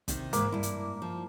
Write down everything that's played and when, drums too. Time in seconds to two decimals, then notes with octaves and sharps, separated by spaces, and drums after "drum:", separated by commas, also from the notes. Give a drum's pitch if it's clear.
0.08 C3 D#3, drum: kick, hi-hat
0.33 G#2 E3 A#3, drum: hi-hat
0.52 G2 E4
0.63 drum: hi-hat
1.02 F3